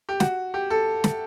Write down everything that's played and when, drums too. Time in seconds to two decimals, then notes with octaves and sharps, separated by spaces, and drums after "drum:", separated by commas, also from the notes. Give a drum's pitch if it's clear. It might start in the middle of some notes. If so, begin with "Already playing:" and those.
0.09 G4
0.20 F#4, drum: snare
0.54 G4
0.70 A4
1.04 drum: snare